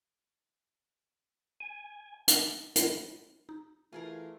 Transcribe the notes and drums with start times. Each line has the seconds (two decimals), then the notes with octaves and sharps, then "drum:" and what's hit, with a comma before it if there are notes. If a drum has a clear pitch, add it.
1.60 G#5
2.28 drum: hi-hat
2.76 drum: hi-hat
3.49 D#4
3.92 E3 A3 F4 G#4 A#4